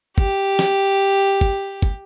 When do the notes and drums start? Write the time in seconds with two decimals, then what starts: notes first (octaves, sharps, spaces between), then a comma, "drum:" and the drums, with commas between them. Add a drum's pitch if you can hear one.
0.18 G4, drum: kick
0.59 drum: snare
1.41 drum: kick
1.82 drum: kick